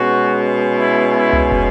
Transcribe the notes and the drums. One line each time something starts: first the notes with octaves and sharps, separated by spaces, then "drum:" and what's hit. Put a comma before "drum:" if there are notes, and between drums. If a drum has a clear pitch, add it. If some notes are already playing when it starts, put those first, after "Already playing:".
Already playing: B2 G#3 C#4 F#4
E4
E4
drum: tom C2
drum: kick